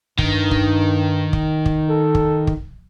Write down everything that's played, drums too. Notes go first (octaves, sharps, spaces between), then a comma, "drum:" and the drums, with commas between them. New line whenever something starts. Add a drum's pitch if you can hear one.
G2 D#3, drum: kick
drum: kick
drum: kick
drum: kick
A4
drum: kick
drum: kick